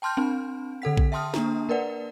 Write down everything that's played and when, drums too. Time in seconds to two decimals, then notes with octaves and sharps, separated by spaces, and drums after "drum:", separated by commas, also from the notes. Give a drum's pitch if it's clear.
0.02 G5 A5 C6 F6 G6
0.17 C4 D4
0.82 D3 A4 F#5 B6
0.97 drum: kick A#1
1.12 E5 G5 A5 C6 D#6 F6
1.34 A#3 D4 A#5, drum: snare
1.69 A#3 A#4 B4 D5 F#5